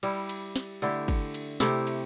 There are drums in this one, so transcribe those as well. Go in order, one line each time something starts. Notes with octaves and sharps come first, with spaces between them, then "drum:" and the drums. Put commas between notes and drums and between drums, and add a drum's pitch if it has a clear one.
G3 E4 G4, drum: cymbal
drum: cymbal
drum: snare
D3 A3 E4 G4
drum: kick, cymbal
drum: cymbal
C3 A3 E4 G4, drum: snare
drum: cymbal